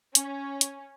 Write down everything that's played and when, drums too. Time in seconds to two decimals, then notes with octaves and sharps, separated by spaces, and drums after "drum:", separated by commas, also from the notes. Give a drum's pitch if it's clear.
0.15 C#4, drum: hi-hat
0.61 drum: hi-hat